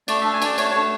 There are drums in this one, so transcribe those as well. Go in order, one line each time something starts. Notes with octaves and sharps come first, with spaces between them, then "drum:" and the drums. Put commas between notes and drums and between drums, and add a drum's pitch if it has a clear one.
A3 D5, drum: cymbal
D4 E5
G#5
D4 D5, drum: cymbal
A3 C#5, drum: cymbal
A3 C#5